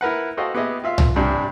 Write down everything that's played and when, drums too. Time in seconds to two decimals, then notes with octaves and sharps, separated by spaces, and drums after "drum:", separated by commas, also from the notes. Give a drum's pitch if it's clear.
0.01 E4 A#4 B4 F#5
0.37 F#4 A4 C5 D#5 F5 G5
0.55 B3 G4 G#4 D#5 E5
0.84 F4 E5 F5
0.98 drum: tom C2
1.16 A1 G2 C3 G3 D4